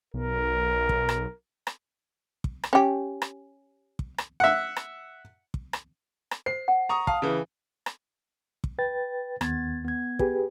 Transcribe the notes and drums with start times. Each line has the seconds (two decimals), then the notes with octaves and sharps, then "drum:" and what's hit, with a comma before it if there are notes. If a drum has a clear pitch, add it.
0.14 B1 A#4
0.89 drum: kick
1.09 drum: rim click
1.67 drum: rim click
2.44 drum: kick
2.64 drum: rim click
2.73 C#4 G4
3.22 drum: rim click
3.99 drum: kick
4.18 drum: rim click
4.40 E5 F#5
4.76 drum: rim click
5.54 drum: kick
5.73 drum: rim click
6.31 drum: rim click
6.46 C5 C7
6.68 F#5
6.89 A#5 C#6 D#6
7.07 F5 A5, drum: kick
7.22 C#3 E3
7.86 drum: rim click
8.64 drum: kick
8.79 B4 G5 A6
9.41 D#2 B3 G#6 A6, drum: rim click
9.85 B3 G#6
10.19 G4 G#4 B4, drum: kick